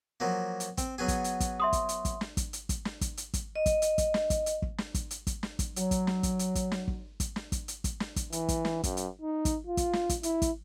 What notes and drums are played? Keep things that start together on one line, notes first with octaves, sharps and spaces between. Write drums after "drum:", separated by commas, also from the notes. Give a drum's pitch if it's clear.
F3 F#3 A#3
drum: hi-hat
C4, drum: kick, hi-hat
F#3 B3 G#4
drum: kick, hi-hat
drum: hi-hat
drum: kick, hi-hat
E5 C6 D#6
drum: kick, hi-hat
drum: hi-hat
drum: kick, hi-hat
drum: snare
drum: kick, hi-hat
drum: hi-hat
drum: kick, hi-hat
drum: snare
drum: kick, hi-hat
drum: hi-hat
drum: kick, hi-hat
D#5
drum: kick, hi-hat
drum: hi-hat
drum: kick, hi-hat
drum: snare
drum: kick, hi-hat
drum: hi-hat
drum: kick
drum: snare
drum: kick, hi-hat
drum: hi-hat
drum: kick, hi-hat
drum: snare
drum: kick, hi-hat
F#3, drum: hi-hat
drum: kick, hi-hat
drum: snare
drum: kick, hi-hat
drum: hi-hat
drum: kick, hi-hat
drum: snare
drum: kick
drum: kick, hi-hat
drum: snare
drum: kick, hi-hat
drum: hi-hat
drum: kick, hi-hat
drum: snare
drum: kick, hi-hat
E3, drum: hi-hat
drum: kick, hi-hat
drum: snare
F#2, drum: kick, hi-hat
drum: hi-hat
D#4
drum: kick, hi-hat
F4
drum: kick, hi-hat
drum: snare
drum: kick, hi-hat
E4, drum: hi-hat
drum: kick, hi-hat